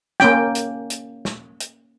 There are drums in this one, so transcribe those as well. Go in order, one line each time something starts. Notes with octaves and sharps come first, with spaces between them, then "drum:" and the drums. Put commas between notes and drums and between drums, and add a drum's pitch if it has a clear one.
A#3 C#4 G5, drum: snare
drum: hi-hat
drum: hi-hat
drum: snare
drum: hi-hat